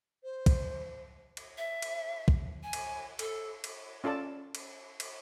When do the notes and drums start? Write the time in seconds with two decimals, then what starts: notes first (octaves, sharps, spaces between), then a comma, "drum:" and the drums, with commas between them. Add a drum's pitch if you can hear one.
0.24 C5
0.46 drum: kick, cymbal
1.37 drum: cymbal
1.58 E5
1.82 drum: cymbal
2.28 drum: kick
2.63 G#5
2.73 drum: cymbal
3.19 A4, drum: cymbal
3.64 drum: cymbal
4.04 C#4 F4 A4 D5 A5
4.55 drum: cymbal
5.00 drum: cymbal